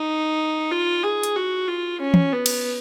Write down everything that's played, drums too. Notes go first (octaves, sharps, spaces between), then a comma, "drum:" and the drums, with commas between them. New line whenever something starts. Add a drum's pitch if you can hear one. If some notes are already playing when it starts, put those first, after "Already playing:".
Already playing: D#4
F4
G#4
drum: hi-hat
F#4
F4
C#4
drum: tom
B3
drum: cymbal